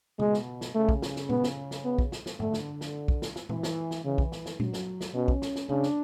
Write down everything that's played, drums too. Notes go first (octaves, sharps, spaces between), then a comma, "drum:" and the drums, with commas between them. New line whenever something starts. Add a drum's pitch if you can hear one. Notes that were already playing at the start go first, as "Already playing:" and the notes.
B2 G#3, drum: tom C#3
drum: snare
drum: snare
C#3 A3
drum: kick
drum: snare
drum: snare
B3, drum: tom A#2
drum: snare
drum: snare
B3
drum: kick
drum: snare
drum: snare
D3 A3, drum: tom G#2
drum: snare
drum: snare
drum: kick
drum: snare
drum: snare
E3, drum: tom A#2
drum: snare
drum: snare
C#3 E3
drum: kick
drum: snare
drum: snare
F#3, drum: tom A#2
drum: snare
drum: snare
B2 C#4
drum: kick
drum: snare
drum: snare
C#3 D4, drum: tom C#3
drum: snare